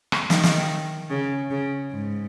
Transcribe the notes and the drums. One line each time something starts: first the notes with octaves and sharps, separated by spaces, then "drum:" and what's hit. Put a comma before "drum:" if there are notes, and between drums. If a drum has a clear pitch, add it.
drum: rim click
D#3, drum: snare
drum: snare
C#3
C#3
G#2